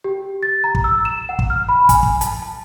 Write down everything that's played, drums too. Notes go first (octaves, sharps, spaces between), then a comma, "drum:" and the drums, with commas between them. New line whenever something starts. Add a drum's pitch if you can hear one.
G4
A6
A#5
drum: kick
E6
E7
F#5
drum: kick
F6
B5
G#5, drum: kick, hi-hat
drum: kick
A5, drum: hi-hat
A5